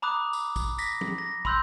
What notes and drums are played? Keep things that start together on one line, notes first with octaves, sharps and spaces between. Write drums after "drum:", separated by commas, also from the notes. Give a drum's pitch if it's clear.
A#5 B5 D6 D#6 F#6
drum: tambourine
drum: kick, tambourine
A#6 B6, drum: tambourine
drum: tom F3
A#6
B5 C6 E6 F#6 G6, drum: kick